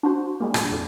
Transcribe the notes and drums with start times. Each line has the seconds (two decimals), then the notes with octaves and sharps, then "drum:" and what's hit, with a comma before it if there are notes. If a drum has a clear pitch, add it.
0.03 D4 F#4 C5
0.40 G3 G#3 A#3
0.54 A#2 D3, drum: rim click
0.71 F2 D3 D4